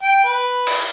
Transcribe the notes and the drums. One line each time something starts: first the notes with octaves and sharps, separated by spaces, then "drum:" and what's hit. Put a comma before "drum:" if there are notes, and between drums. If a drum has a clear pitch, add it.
G5
B4
drum: cymbal